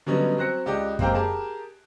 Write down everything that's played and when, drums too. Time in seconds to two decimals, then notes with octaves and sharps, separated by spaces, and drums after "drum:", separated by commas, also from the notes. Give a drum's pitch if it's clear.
0.06 D3 F#3 G3 B3 C#4 D#5
0.37 F#3 C4 F#6 A#6 C#7
0.66 C#2 G4 D5 D#5
0.99 G#3 A#3 C4 G4 A#4 G5, drum: kick F#2
1.15 G4 G#4 A#4 A5